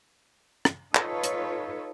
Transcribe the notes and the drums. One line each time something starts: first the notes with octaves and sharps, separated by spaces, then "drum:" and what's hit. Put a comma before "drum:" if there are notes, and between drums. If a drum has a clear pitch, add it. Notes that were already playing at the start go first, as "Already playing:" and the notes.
drum: rim click
D#4 F4 A4 B4 C#5, drum: clap
drum: hi-hat